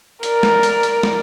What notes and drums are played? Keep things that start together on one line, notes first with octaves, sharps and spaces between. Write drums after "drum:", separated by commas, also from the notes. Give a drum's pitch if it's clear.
A#4 D5, drum: hi-hat
drum: snare
drum: hi-hat
drum: hi-hat
drum: snare